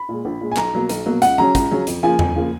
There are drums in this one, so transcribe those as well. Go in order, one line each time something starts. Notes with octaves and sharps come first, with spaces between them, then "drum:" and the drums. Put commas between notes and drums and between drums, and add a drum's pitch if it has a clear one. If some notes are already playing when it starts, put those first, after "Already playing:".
Already playing: B5
A#2 G#3
A#1
A#2 G#3
G#5
B1 A#5, drum: clap
B2 F#3 A#3
B1, drum: hi-hat
B2 F#3 A#3
C#2 F#5, drum: hi-hat
C#3 F#3 C#4 A#5
C#2, drum: kick, hi-hat
C#3 F#3 C#4
F2, drum: hi-hat
C#3 F3 A#3 G#5
F2, drum: tom E2
C#3 F3 A#3